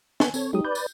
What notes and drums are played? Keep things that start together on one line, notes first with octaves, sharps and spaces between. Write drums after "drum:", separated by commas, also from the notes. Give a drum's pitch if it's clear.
B3 G#5, drum: snare
C4 A4 C#5, drum: tambourine
F#3 G#3 D#4 G4 D#6
B4 D5 G6
drum: tambourine